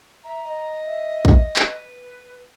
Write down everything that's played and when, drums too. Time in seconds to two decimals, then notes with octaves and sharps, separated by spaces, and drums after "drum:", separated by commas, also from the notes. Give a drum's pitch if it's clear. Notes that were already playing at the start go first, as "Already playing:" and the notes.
0.24 E5 A#5
0.44 D#5
0.85 E5
1.25 drum: kick
1.56 B4, drum: clap